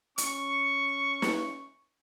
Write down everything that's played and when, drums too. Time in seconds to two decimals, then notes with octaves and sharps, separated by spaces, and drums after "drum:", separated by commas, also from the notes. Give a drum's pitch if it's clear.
0.18 C#4 C#6, drum: hi-hat
1.22 drum: snare